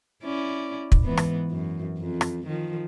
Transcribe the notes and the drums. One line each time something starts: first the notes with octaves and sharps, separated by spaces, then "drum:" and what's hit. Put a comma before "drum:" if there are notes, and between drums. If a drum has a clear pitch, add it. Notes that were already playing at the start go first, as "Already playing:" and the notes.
C#4 E4 D5
drum: kick
G#2 E3 B3
drum: rim click
F#2
F2
drum: rim click
D#3 F3